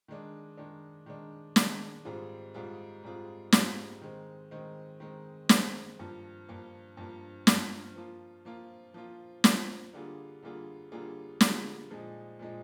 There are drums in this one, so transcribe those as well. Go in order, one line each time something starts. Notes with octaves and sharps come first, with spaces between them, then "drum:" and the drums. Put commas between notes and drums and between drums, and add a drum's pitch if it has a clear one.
D#3 G#3 D4
D#3 G#3 D4
D#3 G#3 D4
D#3 G#3 D4, drum: snare
G#2 G3 C4 F4 G#4
G#2 G3 C4 F4 G#4
G#2 G3 C4 F4 G#4
G#2 G3 C4 F4 G#4, drum: snare
D#3 G#3 C4
D#3 G#3 C4
D#3 G#3 C4
D#3 G#3 C4, drum: snare
G2 F3 A#3
G2 F3 A#3
G2 F3 A#3
G2 F3 A#3, drum: snare
F3 A#3 F4
F3 A#3 F4
F3 A#3 F4
F3 A#3 F4, drum: snare
D3 G3 A#3 F4 G#4
D3 G3 A#3 F4 G#4
D3 G3 A#3 F4 G#4
D3 G3 A#3 F4 G#4, drum: snare
A#2 F3 G#3 D#4
A#2 F3 G#3 D#4